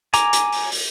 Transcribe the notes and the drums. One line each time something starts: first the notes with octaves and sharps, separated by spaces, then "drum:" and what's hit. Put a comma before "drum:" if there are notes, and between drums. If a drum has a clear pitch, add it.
G#5 A#5 D6, drum: hi-hat
drum: hi-hat
drum: open hi-hat
drum: open hi-hat